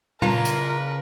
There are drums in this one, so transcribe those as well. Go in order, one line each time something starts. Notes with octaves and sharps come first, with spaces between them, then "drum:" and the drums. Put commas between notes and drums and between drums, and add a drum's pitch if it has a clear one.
C#3 F4 A#4 B4 A5 A#5, drum: tom A#2
drum: hi-hat